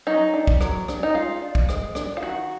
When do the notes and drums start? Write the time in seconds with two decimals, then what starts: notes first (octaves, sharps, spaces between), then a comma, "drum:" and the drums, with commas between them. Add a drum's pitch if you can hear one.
0.07 F#3 D#4
0.34 D4
0.47 drum: kick B1
0.61 F#3, drum: rim click
0.88 D4, drum: rim click
1.03 D#4
1.14 G#3 F4
1.42 D4
1.55 drum: kick B1
1.69 G#3, drum: rim click
1.95 D4, drum: rim click
2.17 F4
2.22 D#3 F#4